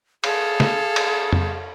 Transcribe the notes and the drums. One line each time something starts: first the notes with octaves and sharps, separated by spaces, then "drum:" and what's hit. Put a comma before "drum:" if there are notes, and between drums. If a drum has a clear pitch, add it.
G#4 A4 F5, drum: cymbal
drum: snare
drum: cymbal
drum: tom F2